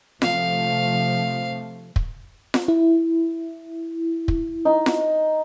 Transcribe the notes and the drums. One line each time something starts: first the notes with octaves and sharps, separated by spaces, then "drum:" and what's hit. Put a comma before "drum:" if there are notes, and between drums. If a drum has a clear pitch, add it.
C3 F3 A3 F5, drum: snare F4
drum: kick
drum: snare F4
E4
drum: kick
D#4
drum: snare F4